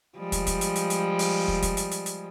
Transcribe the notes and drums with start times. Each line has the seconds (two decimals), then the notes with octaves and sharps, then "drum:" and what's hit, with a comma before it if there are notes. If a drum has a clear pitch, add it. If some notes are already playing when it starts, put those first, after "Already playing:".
0.18 F3 G3 G#3
0.32 drum: kick, hi-hat
0.47 drum: kick, hi-hat
0.61 drum: hi-hat
0.76 drum: hi-hat
0.90 drum: hi-hat
1.19 drum: open hi-hat
1.48 drum: kick
1.62 drum: kick, hi-hat
1.77 drum: hi-hat
1.91 drum: hi-hat
2.06 drum: hi-hat